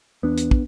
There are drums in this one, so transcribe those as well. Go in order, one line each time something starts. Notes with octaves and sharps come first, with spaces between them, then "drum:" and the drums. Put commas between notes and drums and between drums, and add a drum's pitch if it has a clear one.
E2 B3 D4
drum: hi-hat
drum: kick